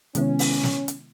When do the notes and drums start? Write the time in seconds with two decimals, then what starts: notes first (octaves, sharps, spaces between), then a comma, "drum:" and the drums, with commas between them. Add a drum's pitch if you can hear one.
0.15 C3 D#3 G#3 B3 C#4 E4, drum: hi-hat
0.39 drum: open hi-hat
0.63 drum: snare
0.88 drum: hi-hat